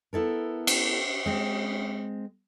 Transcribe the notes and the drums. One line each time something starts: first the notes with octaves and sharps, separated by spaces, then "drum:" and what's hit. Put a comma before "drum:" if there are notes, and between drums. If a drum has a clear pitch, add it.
B3 E4 A4 A#4
drum: cymbal
G#3 C4